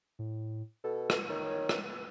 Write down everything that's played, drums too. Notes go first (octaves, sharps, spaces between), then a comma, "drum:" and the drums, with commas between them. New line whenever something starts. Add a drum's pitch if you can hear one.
A2
B2 A4
drum: rim click
D#3 C#5
drum: rim click